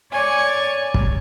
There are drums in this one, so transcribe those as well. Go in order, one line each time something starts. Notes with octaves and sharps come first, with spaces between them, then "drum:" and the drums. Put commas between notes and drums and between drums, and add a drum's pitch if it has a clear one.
C#5 D5 G#5 C#6
drum: kick